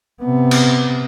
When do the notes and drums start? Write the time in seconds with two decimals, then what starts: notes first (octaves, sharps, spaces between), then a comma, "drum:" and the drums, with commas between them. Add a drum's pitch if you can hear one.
0.22 C3 B3
0.51 drum: cymbal